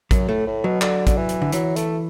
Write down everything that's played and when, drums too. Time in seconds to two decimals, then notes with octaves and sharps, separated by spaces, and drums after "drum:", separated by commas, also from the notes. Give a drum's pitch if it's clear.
0.11 F#2 F#3, drum: kick, hi-hat
0.28 A2 A3
0.47 A2
0.64 B2 F#3
0.81 D3, drum: clap
1.07 D3, drum: kick, hi-hat
1.17 E3
1.29 drum: hi-hat
1.42 D3
1.52 E3 F#3, drum: hi-hat
1.76 A3, drum: hi-hat